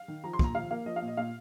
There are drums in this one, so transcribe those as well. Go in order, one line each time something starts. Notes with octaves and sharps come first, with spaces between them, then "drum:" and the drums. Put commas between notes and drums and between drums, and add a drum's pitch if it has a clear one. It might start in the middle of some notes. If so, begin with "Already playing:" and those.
Already playing: F5
D#3
F3 A#5
C6
A#2 A#5, drum: kick
F3 F5
A#3 F5
F3 D#5
F5
A#2
D#5
A#2 F5